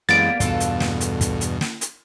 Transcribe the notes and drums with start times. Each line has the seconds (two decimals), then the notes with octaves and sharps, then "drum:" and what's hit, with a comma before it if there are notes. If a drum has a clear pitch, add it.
0.09 F#2 E3 G3 G#3 A#3 B3 A6 D7
0.40 E2 G2 B2 F4 A4 B4, drum: kick, hi-hat
0.60 drum: hi-hat
0.80 drum: snare
1.01 drum: hi-hat
1.21 drum: kick, hi-hat
1.41 drum: hi-hat
1.61 drum: snare
1.81 drum: hi-hat